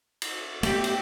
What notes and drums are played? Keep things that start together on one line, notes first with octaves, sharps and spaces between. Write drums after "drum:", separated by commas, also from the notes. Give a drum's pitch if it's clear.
drum: cymbal
A3 B3 G4, drum: cymbal
drum: cymbal